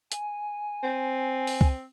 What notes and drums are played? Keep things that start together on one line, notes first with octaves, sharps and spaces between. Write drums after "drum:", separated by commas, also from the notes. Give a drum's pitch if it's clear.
G#5, drum: hi-hat
C4
drum: open hi-hat
drum: kick